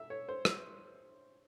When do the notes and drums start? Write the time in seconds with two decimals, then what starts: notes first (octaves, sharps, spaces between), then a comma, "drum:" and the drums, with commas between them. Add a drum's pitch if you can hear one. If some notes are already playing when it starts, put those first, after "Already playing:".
Already playing: E5
0.10 C#5
0.29 C5
0.45 drum: rim click